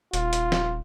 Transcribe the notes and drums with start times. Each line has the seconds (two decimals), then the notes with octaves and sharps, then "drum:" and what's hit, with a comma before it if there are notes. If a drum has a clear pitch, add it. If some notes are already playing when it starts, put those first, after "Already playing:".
0.13 D#1 F4, drum: hi-hat
0.33 drum: hi-hat
0.52 drum: snare